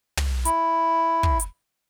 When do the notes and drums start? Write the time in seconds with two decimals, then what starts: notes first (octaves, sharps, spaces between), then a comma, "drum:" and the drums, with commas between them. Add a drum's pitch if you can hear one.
0.17 drum: tom
0.45 E4, drum: hi-hat
1.23 drum: kick
1.40 drum: hi-hat